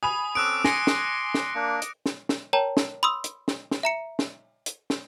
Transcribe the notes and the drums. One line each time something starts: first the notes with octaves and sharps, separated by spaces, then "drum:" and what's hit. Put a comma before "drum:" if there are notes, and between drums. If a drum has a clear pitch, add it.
G#5 B5 D#6 F7
C4 C#4 A4 D6 D#6 F#6 D7
G#5 C6 A#6 C#7, drum: snare
drum: snare
drum: snare
A#3 D4
drum: hi-hat
drum: snare
drum: snare
A#4 C#5 G5 A5 A#5
drum: snare
B5 C6 D#6 E6
drum: hi-hat
drum: snare
drum: snare
E5 A#5 C#7
drum: snare
drum: hi-hat
drum: snare